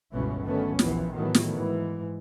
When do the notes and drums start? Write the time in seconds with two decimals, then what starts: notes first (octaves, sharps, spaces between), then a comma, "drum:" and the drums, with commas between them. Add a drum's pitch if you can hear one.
0.12 G1 C#2 B2 E3 B3 C#4
0.44 D3 D#3 F#3 A3 B3 C#4
0.79 A#1 D#2 E3 F3 B3, drum: snare
1.13 A2 D#3 E3 F#3 A3 B3
1.35 drum: snare
1.54 G#2 E3